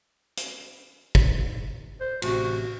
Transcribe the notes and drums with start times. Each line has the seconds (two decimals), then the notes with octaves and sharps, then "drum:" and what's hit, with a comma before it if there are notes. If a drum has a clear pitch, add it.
0.37 drum: hi-hat
1.15 drum: kick
2.01 C5
2.22 A1 C3 F#4, drum: cymbal